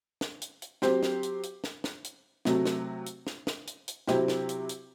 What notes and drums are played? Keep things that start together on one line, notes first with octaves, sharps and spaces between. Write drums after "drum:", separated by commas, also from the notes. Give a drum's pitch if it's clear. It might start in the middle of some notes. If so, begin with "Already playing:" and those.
drum: snare
drum: hi-hat
drum: hi-hat
F#3 C4 G4 C5, drum: snare
drum: snare
drum: hi-hat
drum: hi-hat
drum: snare
drum: snare
drum: hi-hat
C3 F#3 A3, drum: snare
drum: snare
drum: hi-hat
drum: snare
drum: snare
drum: hi-hat
drum: hi-hat
C3 F#3 C4 E4 G4, drum: snare
drum: snare
drum: hi-hat
drum: hi-hat